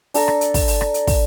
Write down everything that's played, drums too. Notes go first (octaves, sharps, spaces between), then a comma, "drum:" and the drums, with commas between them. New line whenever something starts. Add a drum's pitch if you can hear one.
D4 A4 A#5, drum: open hi-hat
drum: rim click
drum: hi-hat
drum: kick, open hi-hat
drum: open hi-hat
drum: rim click
drum: hi-hat
drum: kick, open hi-hat